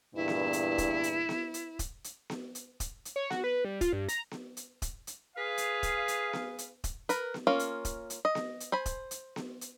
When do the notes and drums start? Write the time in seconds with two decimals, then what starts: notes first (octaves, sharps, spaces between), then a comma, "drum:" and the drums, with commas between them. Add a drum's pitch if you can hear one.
0.15 E2 G2 A#2 E4
0.28 drum: snare B3
0.53 drum: hi-hat
0.78 drum: kick D#1, hi-hat
1.03 drum: hi-hat
1.29 drum: snare B3
1.54 drum: hi-hat
1.79 drum: kick D#1, hi-hat
2.04 drum: hi-hat
2.30 drum: snare B3
2.55 drum: hi-hat
2.80 drum: kick D#1, hi-hat
3.05 drum: hi-hat
3.16 C#5
3.30 F#4, drum: snare B3
3.44 B4
3.65 G3
3.81 F4, drum: kick D#1, hi-hat
3.93 G2
4.09 A#5, drum: hi-hat
4.31 drum: snare B3
4.57 drum: hi-hat
4.82 drum: kick D#1, hi-hat
5.07 drum: hi-hat
5.36 G#4 B4 F5
5.58 drum: hi-hat
5.83 drum: kick D#1, hi-hat
6.08 drum: hi-hat
6.33 drum: snare B3
6.58 drum: hi-hat
6.84 drum: kick D#1, hi-hat
7.09 A#4 B4, drum: hi-hat
7.34 drum: snare B3
7.47 A#3 C#4 F4
7.59 drum: hi-hat
7.85 drum: kick D#1, hi-hat
8.10 drum: hi-hat
8.25 D#5
8.35 drum: snare B3
8.60 drum: hi-hat
8.72 C5 G#5 B5
8.86 drum: kick D#1, hi-hat
9.11 drum: hi-hat
9.36 drum: snare B3
9.61 drum: hi-hat